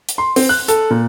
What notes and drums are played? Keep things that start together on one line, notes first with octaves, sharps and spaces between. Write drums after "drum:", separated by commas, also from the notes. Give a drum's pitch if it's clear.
drum: hi-hat
C6
C4, drum: open hi-hat
F#6
A4, drum: hi-hat
A#2